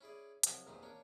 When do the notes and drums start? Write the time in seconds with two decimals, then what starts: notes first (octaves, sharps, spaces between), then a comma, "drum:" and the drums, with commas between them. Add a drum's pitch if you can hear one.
0.01 C#4 E4 G#4 D5
0.43 C2 F3 F#3, drum: hi-hat
0.67 E2 G2 A#2 E3 C4 D#4
0.82 A#3 C#4 D4 C#5